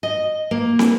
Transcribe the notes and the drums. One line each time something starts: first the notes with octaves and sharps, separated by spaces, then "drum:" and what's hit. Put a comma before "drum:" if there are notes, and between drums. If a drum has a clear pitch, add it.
D#5
A#3
drum: snare